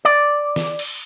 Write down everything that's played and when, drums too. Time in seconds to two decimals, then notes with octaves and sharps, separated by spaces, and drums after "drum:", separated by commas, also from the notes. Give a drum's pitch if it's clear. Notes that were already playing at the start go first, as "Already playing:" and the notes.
0.05 D5
0.56 drum: snare
0.79 drum: cymbal